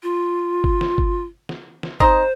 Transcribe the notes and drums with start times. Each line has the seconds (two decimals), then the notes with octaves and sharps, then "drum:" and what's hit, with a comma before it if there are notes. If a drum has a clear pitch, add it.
0.03 F4
0.64 drum: kick G1
0.81 drum: snare
0.98 drum: kick G1
1.49 drum: snare
1.83 drum: snare
2.00 C4 D#4 C5 D#5, drum: kick G1